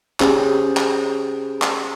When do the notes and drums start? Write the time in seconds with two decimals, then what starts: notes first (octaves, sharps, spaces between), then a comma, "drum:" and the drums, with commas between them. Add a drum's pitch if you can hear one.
0.20 C#4 G4 G#4 C5, drum: clap
0.77 drum: clap
1.62 drum: clap